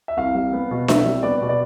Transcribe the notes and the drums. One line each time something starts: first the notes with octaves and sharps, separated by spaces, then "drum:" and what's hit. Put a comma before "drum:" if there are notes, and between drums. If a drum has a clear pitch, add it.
E5
C2 F5
G3
B3
B2
C2 E5, drum: snare D4
G3
B3 D5
B2
D5